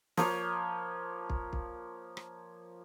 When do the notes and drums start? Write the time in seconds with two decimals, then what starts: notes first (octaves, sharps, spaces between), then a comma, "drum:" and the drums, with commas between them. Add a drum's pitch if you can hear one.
0.17 F3 A#3 C#5, drum: snare
1.30 drum: kick
1.53 drum: kick
2.17 drum: rim click